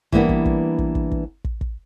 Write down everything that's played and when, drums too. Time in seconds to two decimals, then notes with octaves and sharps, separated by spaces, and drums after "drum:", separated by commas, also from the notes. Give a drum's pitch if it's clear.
0.12 E3 G3 A#3 B3 D4, drum: kick
0.29 drum: kick
0.45 drum: kick
0.78 drum: kick
0.95 drum: kick
1.11 drum: kick
1.44 drum: kick
1.61 drum: kick